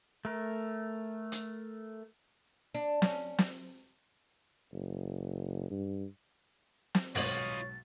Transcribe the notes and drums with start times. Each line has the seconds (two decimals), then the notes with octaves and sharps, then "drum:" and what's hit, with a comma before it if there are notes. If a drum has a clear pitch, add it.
0.25 A3 A#4
1.32 drum: hi-hat
2.75 D4
3.02 C#4, drum: snare
3.38 drum: snare
4.73 F#1
5.71 G2
6.95 drum: snare
7.15 B1 G#2 F4 C#5 D#5 A6, drum: open hi-hat